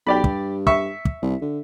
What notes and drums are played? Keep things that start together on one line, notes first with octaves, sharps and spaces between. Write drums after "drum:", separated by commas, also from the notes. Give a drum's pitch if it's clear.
B1 G4 D5 B5
G2, drum: kick
E5 C#6, drum: kick
drum: kick
C2
D3